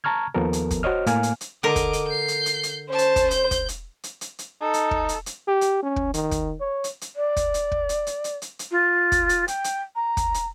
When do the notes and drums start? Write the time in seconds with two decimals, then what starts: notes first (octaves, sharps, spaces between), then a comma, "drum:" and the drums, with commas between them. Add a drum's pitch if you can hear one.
0.04 A5 A#5 C#6 F6 G#6
0.35 D#2 F3 B3 A4 A#4
0.53 drum: hi-hat
0.71 drum: kick, hi-hat
0.83 F#4 C5 C#5 D#5 F6
1.06 A2 A#3 F5 G#5 F6, drum: hi-hat
1.23 drum: hi-hat
1.41 drum: hi-hat
1.63 D3 A#4 D#5 D6
1.76 drum: kick, hi-hat
1.93 drum: hi-hat
2.07 G6 C7
2.28 drum: hi-hat
2.46 drum: hi-hat
2.63 drum: hi-hat
2.89 C#4 C5 A5
2.98 drum: hi-hat
3.16 drum: kick, hi-hat
3.31 G6, drum: hi-hat
3.51 drum: kick, hi-hat
3.68 drum: hi-hat
4.04 drum: hi-hat
4.21 drum: hi-hat
4.39 drum: hi-hat
4.62 D#4 A4
4.74 drum: hi-hat
4.91 drum: kick
5.09 drum: hi-hat
5.26 drum: hi-hat
5.48 G4
5.61 drum: hi-hat
5.83 C#4
5.96 drum: kick
6.14 D#3, drum: hi-hat
6.31 drum: kick, hi-hat
6.60 C#5
6.84 drum: hi-hat
7.01 drum: hi-hat
7.16 D5
7.36 drum: kick, hi-hat
7.54 drum: hi-hat
7.72 drum: kick
7.89 drum: hi-hat
8.07 drum: hi-hat
8.24 drum: hi-hat
8.42 drum: hi-hat
8.59 drum: hi-hat
8.71 F4
9.12 drum: kick, hi-hat
9.29 drum: hi-hat
9.48 G5, drum: hi-hat
9.64 drum: hi-hat
9.95 A#5
10.17 drum: kick, hi-hat
10.34 drum: hi-hat